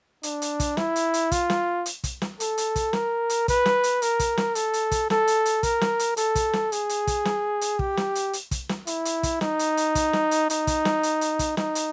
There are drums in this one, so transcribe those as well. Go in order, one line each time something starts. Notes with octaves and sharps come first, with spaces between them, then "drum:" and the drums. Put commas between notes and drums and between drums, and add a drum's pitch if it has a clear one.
D4, drum: hi-hat
drum: hi-hat
drum: kick, hi-hat
E4, drum: snare
drum: hi-hat
drum: hi-hat
F4, drum: kick, hi-hat
drum: snare
drum: hi-hat
drum: kick, hi-hat
drum: snare
A4, drum: hi-hat
drum: hi-hat
drum: kick, hi-hat
A#4, drum: snare
drum: hi-hat
B4, drum: kick, hi-hat
drum: snare
drum: hi-hat
A#4, drum: hi-hat
drum: kick, hi-hat
drum: snare
A4, drum: hi-hat
drum: hi-hat
drum: kick, hi-hat
A4, drum: snare
drum: hi-hat
drum: hi-hat
A#4, drum: kick, hi-hat
drum: snare
drum: hi-hat
A4, drum: hi-hat
drum: kick, hi-hat
drum: snare
G#4, drum: hi-hat
drum: hi-hat
drum: kick, hi-hat
drum: snare
drum: hi-hat
G4, drum: kick
drum: snare
drum: hi-hat
drum: hi-hat
drum: kick, hi-hat
drum: snare
E4, drum: hi-hat
drum: hi-hat
drum: kick, hi-hat
D#4, drum: snare
drum: hi-hat
drum: hi-hat
drum: kick, hi-hat
drum: snare
drum: hi-hat
D#4, drum: hi-hat
drum: kick, hi-hat
drum: snare
drum: hi-hat
drum: hi-hat
drum: kick, hi-hat
D#4, drum: snare
drum: hi-hat